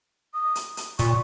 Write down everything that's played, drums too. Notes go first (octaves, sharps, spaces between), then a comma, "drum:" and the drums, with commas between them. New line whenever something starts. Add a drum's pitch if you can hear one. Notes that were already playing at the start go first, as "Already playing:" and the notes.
D#6
drum: hi-hat
drum: hi-hat
A#2 C#6, drum: hi-hat